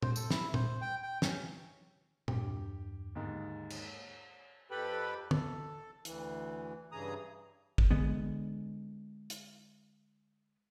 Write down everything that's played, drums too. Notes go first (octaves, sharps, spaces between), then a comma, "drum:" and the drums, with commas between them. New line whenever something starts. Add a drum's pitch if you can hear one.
C5, drum: tom A#2
A4, drum: tambourine
E4, drum: snare
C5, drum: tom A#2
G5
G5
C#4, drum: snare
E2 G2 D4 G4, drum: tom A#2
D#2 G#2 D3
drum: cymbal
F2 G4 A4 B4 G5 B5
A4, drum: tom
D2 E3, drum: hi-hat
G2 C#3 E3 G#4 A#5 D#6
drum: kick
D3 G#3 B3
drum: hi-hat